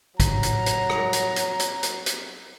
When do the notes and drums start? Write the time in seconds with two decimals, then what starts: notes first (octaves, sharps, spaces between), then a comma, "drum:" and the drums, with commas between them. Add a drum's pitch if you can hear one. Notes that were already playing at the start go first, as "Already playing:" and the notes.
0.20 F#3 A#5, drum: kick, hi-hat
0.43 drum: hi-hat
0.66 drum: hi-hat
0.90 drum: rim click
1.13 drum: hi-hat
1.36 drum: hi-hat
1.59 drum: hi-hat
1.83 drum: hi-hat
2.06 drum: hi-hat